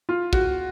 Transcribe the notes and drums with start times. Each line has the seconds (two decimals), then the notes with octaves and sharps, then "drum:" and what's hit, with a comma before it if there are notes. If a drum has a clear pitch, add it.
0.09 F4
0.33 F#4, drum: kick